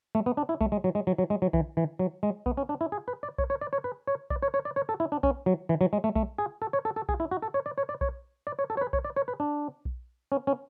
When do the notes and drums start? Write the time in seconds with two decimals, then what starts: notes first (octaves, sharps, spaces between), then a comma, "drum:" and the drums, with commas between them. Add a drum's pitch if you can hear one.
0.15 A3
0.26 B3
0.37 D4
0.49 E4
0.61 A3, drum: kick B1
0.72 G#3
0.84 F#3
0.95 G#3
1.07 F#3
1.18 F#3
1.30 G#3
1.42 F#3
1.53 E3, drum: kick B1
1.77 E3
1.99 F#3
2.23 G#3
2.46 B3, drum: kick B1
2.57 C#4
2.69 D4
2.81 E4
2.92 G#4
3.08 B4
3.23 D5
3.38 C#5, drum: kick B1
3.50 C#5
3.61 D5
3.73 C#5
3.84 B4
4.07 C#5
4.30 D5, drum: kick B1
4.43 C#5
4.54 C#5
4.65 D5
4.76 C#5
4.89 A4
5.00 E4
5.12 D4
5.23 C#4, drum: kick B1
5.46 F#3
5.69 E3
5.81 F#3
5.93 G#3
6.04 A3
6.16 A3, drum: kick B1
6.38 G#4
6.62 A4
6.73 C#5
6.85 A4
6.96 A4
7.09 G#4, drum: kick B1
7.20 E4
7.31 F#4
7.42 A4
7.54 C#5
7.66 D5
7.78 C#5
7.89 D5
8.01 C#5, drum: kick B1
8.47 D5
8.59 C#5
8.70 A4
8.77 C#5
8.81 B4
8.93 C#5, drum: kick B1
9.05 D5
9.16 C#5
9.28 B4
9.40 D4
9.85 drum: kick B1
10.32 C#4
10.47 C#4